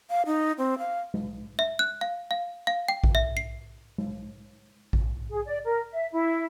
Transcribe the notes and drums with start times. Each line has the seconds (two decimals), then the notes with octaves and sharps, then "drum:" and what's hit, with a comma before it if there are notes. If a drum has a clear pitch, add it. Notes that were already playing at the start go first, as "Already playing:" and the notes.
0.10 F5
0.26 D#4
0.58 C4
0.79 F5
1.14 drum: tom G#3
1.59 E5
1.79 F#6
2.01 F5
2.31 F5
2.67 F5
2.88 G5
3.04 drum: kick A1
3.15 E5
3.37 C7
3.98 drum: tom G#3
4.93 drum: kick A1
5.31 G#4
5.46 D5
5.64 A#4
5.91 E5
6.12 E4